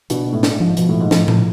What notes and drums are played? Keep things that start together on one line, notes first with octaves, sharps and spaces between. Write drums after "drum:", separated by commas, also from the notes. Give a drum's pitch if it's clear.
B2 D4, drum: hi-hat
B3
A2
D4, drum: snare
G#2 F3
B2 F3, drum: hi-hat
A2 F3
G#2
A2 F3, drum: snare
F3, drum: tom A2